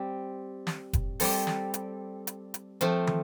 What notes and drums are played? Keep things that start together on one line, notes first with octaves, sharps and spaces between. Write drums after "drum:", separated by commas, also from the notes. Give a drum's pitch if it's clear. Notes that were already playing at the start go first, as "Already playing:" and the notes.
Already playing: G3 C4
drum: snare
drum: kick F1, hi-hat
G3 C4 A4, drum: open hi-hat
drum: snare
drum: hi-hat
drum: hi-hat
drum: hi-hat
F3 A3 C4 F4, drum: hi-hat
drum: tom